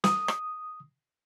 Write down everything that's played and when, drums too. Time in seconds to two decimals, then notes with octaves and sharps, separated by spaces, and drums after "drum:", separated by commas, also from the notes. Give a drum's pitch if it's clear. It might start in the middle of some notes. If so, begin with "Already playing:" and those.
0.04 D#6, drum: snare
0.28 drum: rim click